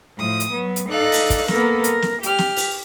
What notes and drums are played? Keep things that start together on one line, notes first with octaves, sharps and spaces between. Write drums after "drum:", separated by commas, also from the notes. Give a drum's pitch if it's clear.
A2 F3 D#6
drum: hi-hat
F#3 B3
drum: hi-hat
D#4 A4 D5 F5 F#6
drum: open hi-hat
drum: kick, hi-hat
A#3 B3 A4 A#4, drum: snare
A#4, drum: hi-hat
drum: snare
G4 F6, drum: hi-hat
drum: snare
drum: open hi-hat